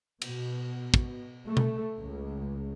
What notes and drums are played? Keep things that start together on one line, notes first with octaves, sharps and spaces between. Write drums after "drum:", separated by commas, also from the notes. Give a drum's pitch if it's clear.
B2, drum: cymbal
drum: kick
A3
drum: tom B2
C#2